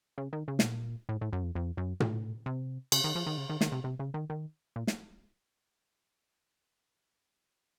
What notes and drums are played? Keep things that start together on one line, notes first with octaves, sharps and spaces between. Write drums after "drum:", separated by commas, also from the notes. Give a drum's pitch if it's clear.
C#3
D#3
C#3
C3, drum: snare
A#2
A2
A2
F#2
F2
F2
F#2
A2, drum: tom A#2
C3
C#3, drum: cymbal
D#3
F3
D#3
C#3
D#3
D#3, drum: snare
C3
C3
C#3
D#3
D#3
A#2
drum: snare